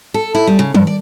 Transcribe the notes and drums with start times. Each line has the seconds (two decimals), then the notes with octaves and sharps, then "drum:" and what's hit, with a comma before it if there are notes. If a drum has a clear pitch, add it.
0.14 A4
0.35 E4
0.47 G3
0.59 C#3
0.74 G2, drum: tom
0.87 D5